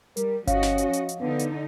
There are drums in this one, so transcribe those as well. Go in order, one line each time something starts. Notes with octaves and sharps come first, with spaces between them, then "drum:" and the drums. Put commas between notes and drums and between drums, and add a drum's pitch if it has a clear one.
G3 A#4, drum: hi-hat
F3 C#4 F#4 C#5 D#5 F5, drum: kick G1, hi-hat
drum: snare
drum: hi-hat
drum: hi-hat
drum: hi-hat
D3 B3 D#4
drum: hi-hat